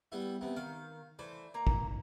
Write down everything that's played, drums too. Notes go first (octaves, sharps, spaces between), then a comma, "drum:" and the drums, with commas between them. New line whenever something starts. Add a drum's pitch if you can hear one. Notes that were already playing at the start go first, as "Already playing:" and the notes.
G3 B3 E4
C3 B3
D#3 F5
E3 A3 C5 D5
A#3 A#5
drum: kick